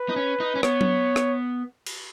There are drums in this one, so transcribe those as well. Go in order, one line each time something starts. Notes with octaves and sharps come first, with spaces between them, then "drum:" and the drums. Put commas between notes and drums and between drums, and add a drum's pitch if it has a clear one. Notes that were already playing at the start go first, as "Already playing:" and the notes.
Already playing: B4
D#4
C#4
D#4
C#4
B3 C#5, drum: rim click
drum: tom F#3
drum: rim click
drum: cymbal